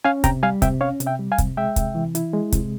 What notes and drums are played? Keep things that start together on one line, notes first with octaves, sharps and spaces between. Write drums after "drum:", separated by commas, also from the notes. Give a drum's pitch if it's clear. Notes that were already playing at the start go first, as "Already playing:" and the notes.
C#4 F5 G#5
C3 G5 A#5, drum: kick, hi-hat
G3 F5 G#5
C3 E5 G5, drum: kick, hi-hat
C#4 C#5 F5
C3, drum: hi-hat
E5 G5
G3
F5 G#5
C3, drum: kick, hi-hat
G#3 E5 G5
C3, drum: kick, hi-hat
E3
E4, drum: hi-hat
G#3
C3, drum: kick, hi-hat